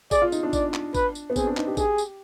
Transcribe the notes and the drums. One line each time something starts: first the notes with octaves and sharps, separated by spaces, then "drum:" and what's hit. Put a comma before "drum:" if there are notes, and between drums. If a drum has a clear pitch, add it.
G#4 D5, drum: kick G#1, tambourine
F4
D#4, drum: tambourine
D4
D5, drum: kick G#1, tambourine
drum: clap
B4, drum: kick G#1, tambourine
drum: tambourine
B3
C4 G#4, drum: kick G#1, tambourine
D4
D#4, drum: clap
G4
G#4, drum: kick G#1, tambourine
drum: tambourine